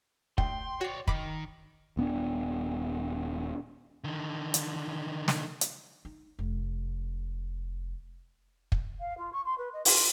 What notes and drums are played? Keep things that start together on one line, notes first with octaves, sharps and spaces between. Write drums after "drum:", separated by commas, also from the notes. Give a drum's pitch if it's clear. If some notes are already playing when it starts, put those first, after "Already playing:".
D2 G5 C6, drum: kick
F#4 C#5 D5 C7
D#3 B5 D6, drum: kick
D#1 B3 C4 D4
D3 D#3
drum: hi-hat
drum: snare
drum: hi-hat
D#4
F1
drum: kick
F5
F4
C#6
C6
B4
D#5
F4, drum: open hi-hat